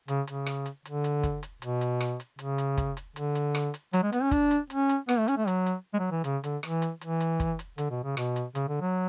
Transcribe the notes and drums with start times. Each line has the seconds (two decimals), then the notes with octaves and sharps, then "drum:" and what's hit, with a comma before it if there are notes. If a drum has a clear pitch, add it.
0.08 C#3, drum: hi-hat
0.27 C#3, drum: hi-hat
0.46 drum: rim click
0.66 drum: hi-hat
0.85 D3, drum: hi-hat
1.04 drum: hi-hat
1.23 drum: kick, hi-hat
1.43 drum: hi-hat
1.62 B2, drum: hi-hat
1.81 drum: hi-hat
2.00 drum: rim click
2.20 drum: hi-hat
2.39 C#3, drum: hi-hat
2.58 drum: hi-hat
2.78 drum: kick, hi-hat
2.97 drum: hi-hat
3.16 D3, drum: hi-hat
3.35 drum: hi-hat
3.55 drum: rim click
3.74 drum: hi-hat
3.93 F#3, drum: hi-hat
4.03 G#3
4.13 B3, drum: hi-hat
4.22 C#4
4.31 D4, drum: kick, hi-hat
4.51 drum: hi-hat
4.70 C#4, drum: hi-hat
4.89 drum: hi-hat
5.09 B3, drum: rim click
5.18 A3
5.28 C#4, drum: hi-hat
5.37 A3
5.48 F#3, drum: hi-hat
5.66 drum: hi-hat
5.93 G#3
5.99 F#3
6.11 E3
6.24 C#3, drum: hi-hat
6.44 D3, drum: hi-hat
6.63 E3, drum: rim click
6.82 drum: hi-hat
7.01 E3, drum: hi-hat
7.20 drum: hi-hat
7.40 drum: kick, hi-hat
7.59 drum: hi-hat
7.78 D3, drum: hi-hat
7.91 B2
8.04 C#3
8.17 B2, drum: rim click
8.36 drum: hi-hat
8.55 C#3, drum: hi-hat
8.68 D3
8.81 F#3